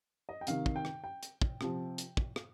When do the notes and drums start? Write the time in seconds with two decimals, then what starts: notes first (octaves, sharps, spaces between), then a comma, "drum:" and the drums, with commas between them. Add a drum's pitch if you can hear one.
0.29 D#5
0.41 G5
0.47 C3 D#3 F5, drum: hi-hat
0.66 drum: kick
0.76 G5
0.85 drum: rim click
1.04 G5
1.23 drum: hi-hat
1.42 drum: kick
1.61 C3 F3, drum: rim click
1.98 drum: hi-hat
2.17 drum: kick
2.36 drum: rim click